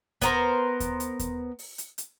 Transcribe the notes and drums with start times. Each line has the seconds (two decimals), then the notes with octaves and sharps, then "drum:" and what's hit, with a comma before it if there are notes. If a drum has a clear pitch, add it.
0.22 B3 A#4 C5, drum: kick D#2, hi-hat
0.80 drum: kick D#2, hi-hat
1.00 drum: hi-hat
1.19 drum: kick D#2, hi-hat
1.59 drum: open hi-hat
1.78 drum: hi-hat
1.98 drum: hi-hat